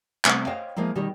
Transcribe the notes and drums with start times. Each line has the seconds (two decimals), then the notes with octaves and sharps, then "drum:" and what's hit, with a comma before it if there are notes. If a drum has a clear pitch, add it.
0.25 C3 G3 A3 B3 C4, drum: clap
0.47 C5 C#5 D#5 F5 G5
0.77 F3 G#3 A#3 E4
0.95 B2 D#3 G3 G4